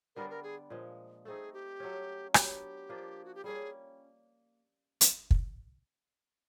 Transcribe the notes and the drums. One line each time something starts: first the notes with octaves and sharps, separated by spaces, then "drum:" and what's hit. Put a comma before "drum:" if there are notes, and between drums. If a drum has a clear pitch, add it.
D3 G3 B3 D4 A#4
A#4
G#4
A#2 F3 G#3
A3 C4 D#4 G#4 A4
G4
F#3 A3 C#4
F#3 B3 D4 G4 G#4, drum: rim click
F3 A#3 D4 F4
F#4
G4
G3 A#3 C#4 G#4
drum: hi-hat
drum: kick